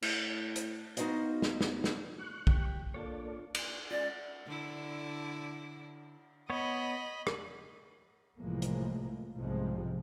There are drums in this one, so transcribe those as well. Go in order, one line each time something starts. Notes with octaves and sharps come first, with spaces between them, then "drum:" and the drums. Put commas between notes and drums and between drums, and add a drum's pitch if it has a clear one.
A2, drum: cymbal
drum: hi-hat
B3 D#4 F#4 C5 D#5 F5, drum: hi-hat
drum: snare
drum: snare
drum: snare
C#6 F#6
G4, drum: kick
A#3 D4 F4 A4 C#5 D5
D5 G#5 C6, drum: cymbal
G#3 C#4 F4 D5
D3 E4
B3 C#5 D#5 B5
drum: rim click
C2 A2 E3 F3 G#3 A#3
drum: hi-hat
B1 G#2 C3 F3 G3 G#3